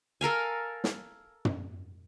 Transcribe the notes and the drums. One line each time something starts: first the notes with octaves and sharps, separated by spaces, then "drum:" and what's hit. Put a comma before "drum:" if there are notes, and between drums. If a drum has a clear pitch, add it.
A4 A#4 F5 G#5
drum: snare
drum: tom